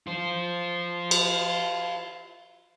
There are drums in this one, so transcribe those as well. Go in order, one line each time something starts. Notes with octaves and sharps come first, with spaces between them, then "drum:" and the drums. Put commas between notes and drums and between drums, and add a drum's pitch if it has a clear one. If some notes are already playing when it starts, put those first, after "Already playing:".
F4 C5
drum: cymbal